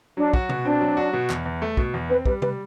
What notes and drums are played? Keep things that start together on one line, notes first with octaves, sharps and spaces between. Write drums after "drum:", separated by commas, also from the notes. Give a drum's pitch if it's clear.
F#3 D4
F#4, drum: kick
B2, drum: tom C3
C4 D4
F#3
F#4
B2
E2, drum: clap
E2
A3
B2, drum: kick
E2
C4 B4
G3 B4, drum: kick
G3 B4, drum: tom C3